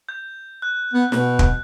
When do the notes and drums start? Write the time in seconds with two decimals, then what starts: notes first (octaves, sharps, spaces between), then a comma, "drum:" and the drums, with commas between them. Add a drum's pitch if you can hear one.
0.09 G6
0.62 F#6
0.93 B3
1.12 B2, drum: snare
1.39 drum: kick